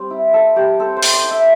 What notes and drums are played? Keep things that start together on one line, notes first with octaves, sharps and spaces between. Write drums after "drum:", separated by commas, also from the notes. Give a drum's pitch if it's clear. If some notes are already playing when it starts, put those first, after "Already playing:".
Already playing: G3 C4
E4
E4 A4
G3 G4
C4 A4
C5
C4, drum: open hi-hat
D5
E4
E5